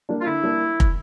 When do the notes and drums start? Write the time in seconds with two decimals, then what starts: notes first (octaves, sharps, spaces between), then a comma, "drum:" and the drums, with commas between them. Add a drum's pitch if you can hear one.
0.09 G3 A#3 D4
0.21 F4
0.26 D3 E4
0.43 G3 A#3 D4
0.80 drum: kick